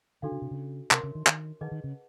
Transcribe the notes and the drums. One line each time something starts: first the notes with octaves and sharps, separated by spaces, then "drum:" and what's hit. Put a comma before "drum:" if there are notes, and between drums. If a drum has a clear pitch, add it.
D3 D4 F#4 A4 D5 F5
C#3
C3
C#3
C3 A#4 C#5 E5 A5 C6, drum: clap
C#3
D#3
D#3, drum: clap
D#3 G#4 B4 D#5 F#5 A5
D#3
C#3